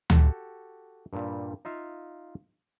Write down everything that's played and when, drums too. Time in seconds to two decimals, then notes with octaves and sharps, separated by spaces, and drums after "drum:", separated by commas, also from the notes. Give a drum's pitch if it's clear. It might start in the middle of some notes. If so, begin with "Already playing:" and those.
0.10 F#4 G4 A4, drum: tom D2
1.13 G2 A#2 G3
1.65 D#4 F4 E5 F5